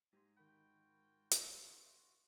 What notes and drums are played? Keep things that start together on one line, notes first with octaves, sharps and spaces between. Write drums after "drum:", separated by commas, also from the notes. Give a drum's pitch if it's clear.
G#2 G4 G#5 A#5 C6
D#3 F4 F#4 A#4 G5 B5
drum: hi-hat